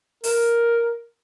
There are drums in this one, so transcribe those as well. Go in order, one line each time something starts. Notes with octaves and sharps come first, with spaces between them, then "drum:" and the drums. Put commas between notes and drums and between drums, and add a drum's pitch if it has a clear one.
A#4, drum: open hi-hat